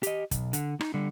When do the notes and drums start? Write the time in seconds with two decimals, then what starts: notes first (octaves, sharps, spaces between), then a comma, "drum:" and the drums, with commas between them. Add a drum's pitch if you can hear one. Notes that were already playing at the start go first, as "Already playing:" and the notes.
0.03 G4 D#5, drum: hi-hat
0.31 B1, drum: kick, hi-hat
0.53 D3, drum: hi-hat
0.81 D#4, drum: rim click
0.94 D3 G3